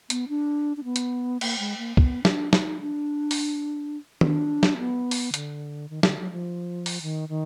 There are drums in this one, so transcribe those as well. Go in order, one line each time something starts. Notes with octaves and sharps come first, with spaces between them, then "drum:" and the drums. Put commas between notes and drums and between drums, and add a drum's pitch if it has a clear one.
B3, drum: hi-hat
D4
D4
B3
drum: hi-hat
A#3, drum: cymbal
G#3
A#3
B3, drum: kick
D4, drum: snare
D#4, drum: snare
D4
drum: open hi-hat
D4, drum: tom D#3
drum: snare
B3
drum: open hi-hat
D3, drum: hi-hat
D#3
D3, drum: snare
F#3
F3
drum: open hi-hat
D#3
D#3